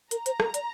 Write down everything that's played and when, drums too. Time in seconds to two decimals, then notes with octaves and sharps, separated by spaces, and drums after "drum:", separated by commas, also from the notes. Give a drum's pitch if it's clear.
0.11 A#4 A#5, drum: hi-hat
0.26 C5, drum: hi-hat
0.40 A#4, drum: rim click
0.54 D5, drum: hi-hat